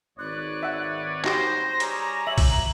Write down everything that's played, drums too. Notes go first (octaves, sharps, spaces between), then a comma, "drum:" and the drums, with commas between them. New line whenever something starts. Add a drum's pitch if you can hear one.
G#1 B4 C#5 D5 F#6
E5 F#5
D#4 F#4 G4 C5 A#6, drum: clap
G3 G#4 C#5 A#5, drum: hi-hat
E5 F#7
drum: kick A#1, open hi-hat